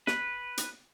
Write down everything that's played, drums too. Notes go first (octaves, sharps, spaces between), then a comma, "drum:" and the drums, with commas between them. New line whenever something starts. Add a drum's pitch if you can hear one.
B4, drum: snare
drum: hi-hat